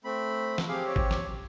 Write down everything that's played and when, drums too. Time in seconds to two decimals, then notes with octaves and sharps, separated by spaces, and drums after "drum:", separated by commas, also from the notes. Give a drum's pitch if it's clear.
0.04 A3 C4 B5
0.58 drum: snare
0.68 C4 G4 G#4 F5
0.86 C#5
0.96 drum: kick G#1
1.11 drum: snare